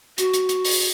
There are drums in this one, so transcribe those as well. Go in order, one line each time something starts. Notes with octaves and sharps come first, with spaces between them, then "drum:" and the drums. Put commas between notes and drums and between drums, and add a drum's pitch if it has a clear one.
F#4, drum: hi-hat
drum: hi-hat
drum: hi-hat
drum: open hi-hat